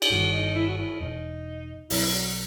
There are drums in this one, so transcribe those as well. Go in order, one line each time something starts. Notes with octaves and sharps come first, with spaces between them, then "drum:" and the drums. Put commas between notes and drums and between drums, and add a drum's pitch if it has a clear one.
G4, drum: cymbal
G1 G2 D#3 F#4
D#4
E4
F#4
E4
E1 E2 B2 D#4
B1 B2 F#3 C4 E4, drum: open hi-hat
F#4